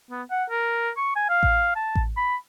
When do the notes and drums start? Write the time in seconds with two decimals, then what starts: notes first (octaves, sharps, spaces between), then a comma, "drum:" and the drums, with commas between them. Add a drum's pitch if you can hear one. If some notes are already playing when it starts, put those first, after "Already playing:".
0.10 B3
0.31 F#5
0.50 A#4
0.97 C#6
1.16 G#5
1.30 F5
1.43 drum: kick A1
1.76 A5
1.95 drum: kick A1
2.17 B5